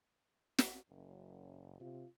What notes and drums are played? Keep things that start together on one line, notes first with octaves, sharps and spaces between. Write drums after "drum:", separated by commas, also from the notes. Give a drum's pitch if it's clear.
drum: snare
F#1 F#2
C3 F4